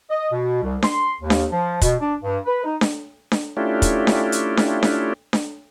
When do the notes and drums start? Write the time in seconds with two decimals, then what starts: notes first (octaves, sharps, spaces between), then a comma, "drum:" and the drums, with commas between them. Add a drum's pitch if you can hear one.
0.10 D#5
0.32 B2
0.62 C2
0.82 C6, drum: snare D4
1.21 D#2
1.30 drum: snare D4
1.51 F3
1.81 B2, drum: kick, hi-hat
2.00 D4
2.23 G2
2.45 B4
2.64 D#4
2.81 drum: snare D4
3.32 drum: snare D4
3.57 A3 C#4 D4 E4 F4 G4
3.82 drum: kick, hi-hat
4.07 drum: snare D4
4.32 drum: hi-hat
4.57 drum: snare D4
4.83 drum: snare D4
5.33 drum: snare D4